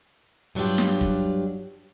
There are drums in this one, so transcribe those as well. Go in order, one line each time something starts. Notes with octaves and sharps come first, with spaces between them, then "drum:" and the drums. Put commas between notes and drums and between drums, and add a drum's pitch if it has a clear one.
G2 F#3 D4 F4 G4
drum: snare
drum: kick